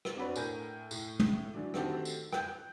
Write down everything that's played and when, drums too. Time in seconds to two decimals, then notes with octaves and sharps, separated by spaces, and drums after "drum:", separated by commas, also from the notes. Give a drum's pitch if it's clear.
0.05 drum: rim click
0.16 C4 D4 F#4 B4 C#5
0.36 A2 A#4 G#5 G6, drum: tambourine
0.91 A2, drum: tambourine
1.20 drum: tom
1.54 D3 E3 F#3 D4
1.74 D#3 A3 C4 F#4 G4 A4, drum: rim click
2.05 drum: tambourine
2.33 G5 F#6 G6, drum: rim click